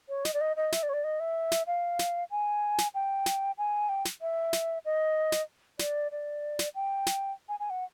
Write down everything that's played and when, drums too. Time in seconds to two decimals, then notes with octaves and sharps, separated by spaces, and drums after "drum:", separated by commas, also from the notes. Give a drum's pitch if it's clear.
0.09 C#5
0.25 D#5, drum: snare
0.34 D5
0.41 D#5
0.57 D#5
0.72 E5, drum: snare
0.83 D5
0.89 C#5
0.94 D5
1.04 D#5
1.20 E5
1.52 drum: snare
1.67 F5
1.99 drum: snare
2.31 G#5
2.78 drum: snare
2.94 G5
3.26 drum: snare
3.58 G#5
3.89 G5
4.05 drum: snare
4.21 E5
4.53 drum: snare
4.85 D#5
5.32 drum: snare
5.79 D5, drum: snare
6.12 D5
6.59 drum: snare
6.75 G5
7.07 drum: snare
7.49 G#5
7.60 G#5
7.70 F#5